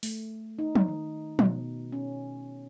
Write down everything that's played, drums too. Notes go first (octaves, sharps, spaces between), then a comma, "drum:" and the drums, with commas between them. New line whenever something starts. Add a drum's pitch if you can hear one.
A3, drum: open hi-hat
D#4
drum: tom F3
D#3
B2, drum: tom F3
C#4